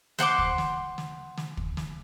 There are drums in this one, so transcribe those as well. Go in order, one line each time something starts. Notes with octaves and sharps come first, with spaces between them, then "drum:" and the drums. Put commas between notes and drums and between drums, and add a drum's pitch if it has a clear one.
C5 F#5 C6 D6, drum: snare
drum: kick
drum: snare
drum: snare
drum: snare
drum: kick
drum: snare